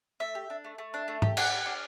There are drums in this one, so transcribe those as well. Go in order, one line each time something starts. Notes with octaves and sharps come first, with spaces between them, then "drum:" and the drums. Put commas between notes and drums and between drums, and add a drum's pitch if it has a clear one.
A3 E5
G4
D4
A3
A3
D4
A3
G4, drum: tom G#2
D4 F#5, drum: cymbal
G4
D4